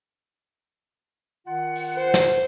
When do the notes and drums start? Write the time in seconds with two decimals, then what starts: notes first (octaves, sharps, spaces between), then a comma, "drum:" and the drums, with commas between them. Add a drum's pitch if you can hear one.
1.46 D#3 F4 F#5
1.75 drum: open hi-hat
1.96 C5
2.14 drum: snare